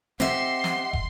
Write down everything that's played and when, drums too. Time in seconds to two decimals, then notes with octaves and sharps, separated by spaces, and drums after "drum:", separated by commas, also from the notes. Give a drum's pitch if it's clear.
0.20 C4 G4 D#5 E5 F#5 C6 C7, drum: snare
0.64 drum: snare
0.93 drum: kick